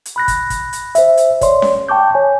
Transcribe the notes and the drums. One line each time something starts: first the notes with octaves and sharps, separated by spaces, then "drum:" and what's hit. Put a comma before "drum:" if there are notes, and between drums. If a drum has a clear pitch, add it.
drum: hi-hat
B5 F#6 A#6
drum: kick, hi-hat
drum: kick, hi-hat
drum: hi-hat
C5 E5, drum: hi-hat
drum: hi-hat
C#5 D5 C6, drum: kick, hi-hat
drum: snare C#4
G5 A5 C#6 D6 G6
C#5 G#5